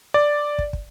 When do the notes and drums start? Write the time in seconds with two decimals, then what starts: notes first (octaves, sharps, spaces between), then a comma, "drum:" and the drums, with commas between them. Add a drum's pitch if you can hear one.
0.14 D5
0.58 drum: kick
0.73 drum: kick